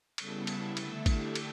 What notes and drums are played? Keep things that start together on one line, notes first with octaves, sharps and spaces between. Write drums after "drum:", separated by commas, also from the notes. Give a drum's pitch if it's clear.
C#3 G3 B3 E4 A4, drum: cymbal
drum: cymbal
D3 A3 E4, drum: cymbal
G4, drum: kick, cymbal
drum: cymbal